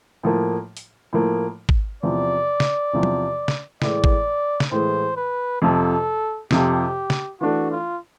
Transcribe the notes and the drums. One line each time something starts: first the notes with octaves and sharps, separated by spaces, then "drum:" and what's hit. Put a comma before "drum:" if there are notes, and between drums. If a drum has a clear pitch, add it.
A2 F3 A#3
drum: open hi-hat
A2 F3 A#3
drum: kick G#1
E2 C3 F3 D5
drum: snare
E2 C3 F3
drum: tom
drum: snare
A2 E3 G#3 D5, drum: snare
drum: kick G#1
drum: snare
A2 E3 G#3 C5
B4
F2 C3 F3 A4
F2 C3 F3 G4, drum: snare
drum: snare
E3 A3 D4 F#4
F4